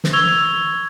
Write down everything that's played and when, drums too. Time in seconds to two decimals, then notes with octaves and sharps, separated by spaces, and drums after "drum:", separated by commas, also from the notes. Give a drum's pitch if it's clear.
0.04 drum: snare
0.13 C#6 E6 G#6 F7 G7